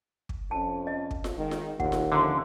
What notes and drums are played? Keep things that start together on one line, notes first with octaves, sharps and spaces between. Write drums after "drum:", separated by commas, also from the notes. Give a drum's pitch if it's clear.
drum: kick
F2 C#4 A5
D#5
drum: kick
drum: snare F4
D#3 G#3
drum: snare F4
D#2 A#2 F#5, drum: kick
drum: snare F4
F2 D3 C#4 E5 A#5 C6